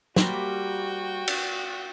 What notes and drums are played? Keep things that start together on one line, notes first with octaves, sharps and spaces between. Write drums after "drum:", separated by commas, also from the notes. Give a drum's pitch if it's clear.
G3 A#3 F#4 C5 G5, drum: snare
drum: cymbal